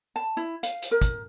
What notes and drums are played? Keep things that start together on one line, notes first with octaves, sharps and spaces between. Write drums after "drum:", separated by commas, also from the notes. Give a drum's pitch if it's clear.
A5
E4
F5, drum: hi-hat
drum: hi-hat
A#4
drum: kick, hi-hat